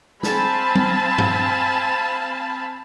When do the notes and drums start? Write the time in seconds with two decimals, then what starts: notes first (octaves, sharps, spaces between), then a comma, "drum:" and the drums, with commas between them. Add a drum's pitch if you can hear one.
0.23 C4 F5 G#5 A5 B5, drum: snare
0.75 drum: tom F#3
1.18 drum: tom G2